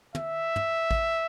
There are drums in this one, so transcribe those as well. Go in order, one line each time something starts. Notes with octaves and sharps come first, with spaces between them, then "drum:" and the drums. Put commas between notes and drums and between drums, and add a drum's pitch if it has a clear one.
E5, drum: tom
drum: tom
drum: kick A1